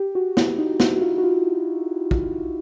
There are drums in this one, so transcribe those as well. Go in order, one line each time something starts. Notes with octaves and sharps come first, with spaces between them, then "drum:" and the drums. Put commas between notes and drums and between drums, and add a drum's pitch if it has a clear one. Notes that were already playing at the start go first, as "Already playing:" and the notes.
Already playing: G4
F#4
E4, drum: snare
D#4
E4, drum: snare
F#4
F4
F#4
F4
drum: kick